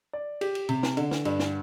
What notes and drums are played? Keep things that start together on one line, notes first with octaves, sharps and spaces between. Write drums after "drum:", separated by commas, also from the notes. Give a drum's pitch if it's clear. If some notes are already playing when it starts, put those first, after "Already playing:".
D5
G4, drum: cymbal
drum: cymbal
C3, drum: cymbal
drum: snare
D3, drum: cymbal
drum: snare
G2, drum: cymbal
drum: snare